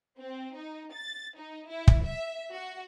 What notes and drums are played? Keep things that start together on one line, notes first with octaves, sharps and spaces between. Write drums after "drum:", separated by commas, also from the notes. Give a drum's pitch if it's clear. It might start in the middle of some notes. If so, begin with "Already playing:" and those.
C4
D#4
A6
D#4
E4
drum: kick
E5
F#4